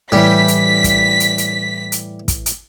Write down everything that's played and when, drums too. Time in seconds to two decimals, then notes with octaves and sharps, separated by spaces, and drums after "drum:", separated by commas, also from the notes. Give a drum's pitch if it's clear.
0.12 A2 E3 G3 B6
0.48 drum: hi-hat
0.84 drum: kick, hi-hat
1.20 drum: hi-hat
1.38 drum: hi-hat
1.92 drum: hi-hat
2.28 drum: kick, hi-hat
2.46 drum: hi-hat